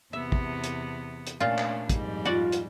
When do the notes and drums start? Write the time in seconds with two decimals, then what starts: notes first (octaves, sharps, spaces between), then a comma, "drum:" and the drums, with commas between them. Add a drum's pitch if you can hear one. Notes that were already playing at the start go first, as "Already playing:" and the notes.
0.13 E2 C3 B3 E5
0.32 drum: kick
0.64 drum: hi-hat
1.27 drum: hi-hat
1.40 A#2 A3 C#4 D4 F4
1.58 drum: clap
1.90 F2 G#2 G3, drum: kick, hi-hat
2.25 F4 F#4 D5
2.52 drum: hi-hat